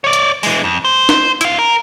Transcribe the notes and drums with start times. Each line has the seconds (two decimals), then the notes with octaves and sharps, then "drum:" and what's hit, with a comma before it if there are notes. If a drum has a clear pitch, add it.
0.04 C#5 D5
0.13 drum: hi-hat
0.43 E3 G#3, drum: open hi-hat
0.64 F2
0.84 C5
1.09 drum: snare
1.41 E4 F5, drum: hi-hat
1.59 A#4